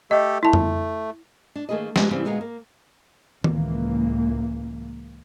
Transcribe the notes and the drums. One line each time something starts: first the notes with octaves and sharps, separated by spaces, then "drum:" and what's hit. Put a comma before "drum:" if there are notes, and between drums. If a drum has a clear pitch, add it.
A3 G4 A4 D#5
A3 E4 A5
drum: tom
D4
D#3 A3 A#3 G#4 B4 D#5
G3 G#3 B3 D4, drum: snare
C#3 E3 G3 B3 C4
D2 A#2 G#3 B3 A#4 F5
A#3
C#2 A2 E3 A#3, drum: tom D#3